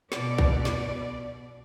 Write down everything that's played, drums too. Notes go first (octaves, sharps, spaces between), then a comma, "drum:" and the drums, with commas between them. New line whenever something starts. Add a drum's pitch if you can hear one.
B2 D5, drum: snare
drum: kick
drum: snare